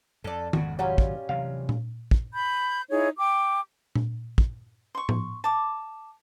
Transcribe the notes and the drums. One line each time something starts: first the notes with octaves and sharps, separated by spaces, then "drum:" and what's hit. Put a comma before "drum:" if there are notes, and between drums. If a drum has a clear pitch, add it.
F2 A4 D5
G#1 F2 C#3 F#4, drum: tom D#3
F#3 G3 C#4 F4
drum: kick
C3 E3 F#3 F5
drum: tom A#2
drum: kick
B5 G6
D#4 E4 G#4 C#5
G5 D6
drum: tom A#2
drum: kick
C6 C#6
drum: tom
A5 D6